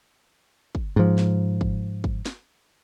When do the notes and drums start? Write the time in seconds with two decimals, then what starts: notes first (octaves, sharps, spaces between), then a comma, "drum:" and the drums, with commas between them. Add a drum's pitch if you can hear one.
0.75 drum: kick
0.96 G#2 F3
1.18 drum: snare
1.61 drum: kick
2.04 drum: kick
2.26 drum: snare